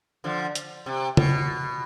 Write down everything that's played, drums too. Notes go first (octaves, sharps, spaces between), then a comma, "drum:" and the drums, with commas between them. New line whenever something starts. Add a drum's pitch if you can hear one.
D3 F3
drum: hi-hat
C3
B2, drum: tom C#3